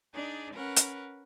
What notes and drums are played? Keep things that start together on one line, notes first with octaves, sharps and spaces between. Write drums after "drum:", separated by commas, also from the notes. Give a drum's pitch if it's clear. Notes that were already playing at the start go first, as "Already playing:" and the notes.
D4 D#4 G#4 D5
C#4 A#4 B4 F#5
drum: hi-hat